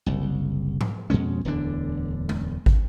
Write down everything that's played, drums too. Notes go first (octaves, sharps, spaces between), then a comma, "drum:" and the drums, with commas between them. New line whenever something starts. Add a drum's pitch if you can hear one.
F#1 C2
drum: tom G#2
F2 B2 G#3 C#4
D1 E2 D3 D4
drum: tom G#3
drum: kick